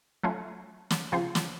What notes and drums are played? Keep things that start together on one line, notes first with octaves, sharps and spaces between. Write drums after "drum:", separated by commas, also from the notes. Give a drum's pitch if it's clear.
F#3 A3 C#4 F4
drum: snare
C#3 F3 C4 F4 C5
drum: snare